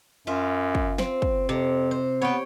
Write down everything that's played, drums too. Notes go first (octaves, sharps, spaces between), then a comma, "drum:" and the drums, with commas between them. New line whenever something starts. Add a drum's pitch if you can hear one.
F#2 F4 E5
drum: kick
C4, drum: snare
drum: kick
F2 C3
C5
B3 C#5 G5